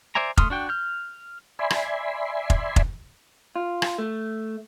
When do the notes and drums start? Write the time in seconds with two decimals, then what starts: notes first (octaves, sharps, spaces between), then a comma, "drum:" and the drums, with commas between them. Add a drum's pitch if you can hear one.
0.15 C5 D5 E5 G#5 A#5
0.37 A3 C6 D#6 F6, drum: kick F1
0.50 D4 F#4 G5
0.69 F6 G6
1.59 D5 E5 G#5 B5 C6
1.70 drum: rim click
2.50 drum: kick F1
2.76 drum: kick F1
3.56 F4
3.82 drum: rim click
3.98 A3